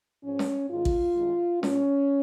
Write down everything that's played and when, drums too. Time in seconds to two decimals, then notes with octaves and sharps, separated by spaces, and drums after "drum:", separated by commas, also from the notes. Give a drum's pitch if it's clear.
0.24 G#2 F3 G#3 C#4
0.39 drum: snare
0.70 G#2 D#3 G#3 F4
0.85 drum: kick A1
1.16 F#2 D#3 G#3
1.63 A#2 G#3 C#4, drum: snare